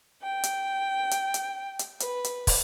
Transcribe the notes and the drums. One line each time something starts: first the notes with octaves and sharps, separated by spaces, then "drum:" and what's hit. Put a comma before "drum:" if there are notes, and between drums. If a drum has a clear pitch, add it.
G5
drum: hi-hat
drum: hi-hat
drum: hi-hat
drum: hi-hat
B4, drum: hi-hat
drum: hi-hat
drum: kick, open hi-hat